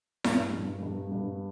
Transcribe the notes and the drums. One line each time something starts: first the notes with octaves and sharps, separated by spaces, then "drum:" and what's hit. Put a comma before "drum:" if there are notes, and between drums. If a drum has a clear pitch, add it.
G2, drum: snare E4
G2
G2
G2